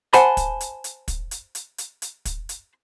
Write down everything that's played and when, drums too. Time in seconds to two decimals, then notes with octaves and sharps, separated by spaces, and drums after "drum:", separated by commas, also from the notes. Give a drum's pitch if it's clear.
0.13 C5 F#5 G#5 A5 B5, drum: hi-hat
0.37 drum: kick, hi-hat
0.61 drum: hi-hat
0.84 drum: hi-hat
1.08 drum: kick, hi-hat
1.31 drum: hi-hat
1.55 drum: hi-hat
1.78 drum: hi-hat
2.02 drum: hi-hat
2.25 drum: kick, hi-hat
2.49 drum: hi-hat